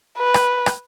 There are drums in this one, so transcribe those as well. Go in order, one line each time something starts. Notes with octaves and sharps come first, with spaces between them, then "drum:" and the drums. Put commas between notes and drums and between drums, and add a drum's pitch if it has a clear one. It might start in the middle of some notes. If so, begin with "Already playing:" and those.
B4
drum: rim click
drum: rim click